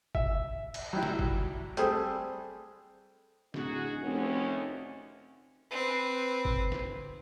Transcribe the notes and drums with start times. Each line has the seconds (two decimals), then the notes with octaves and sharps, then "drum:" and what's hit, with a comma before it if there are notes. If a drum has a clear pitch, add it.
0.15 E5, drum: kick F#1
0.74 drum: cymbal
0.93 F#3 G3 E4
1.03 drum: snare
1.19 drum: kick F#1
1.77 G3 A3 C4 G#4, drum: hi-hat
3.54 D1 D#4 F#4 G#4, drum: snare
4.02 F1 D2 D#3 C#4
5.71 C4 B4
6.45 drum: kick F#1
6.72 drum: snare